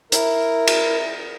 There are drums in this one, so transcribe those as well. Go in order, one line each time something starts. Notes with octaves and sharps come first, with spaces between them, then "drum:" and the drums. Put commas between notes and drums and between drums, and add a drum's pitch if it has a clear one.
E4 A#4, drum: hi-hat
drum: cymbal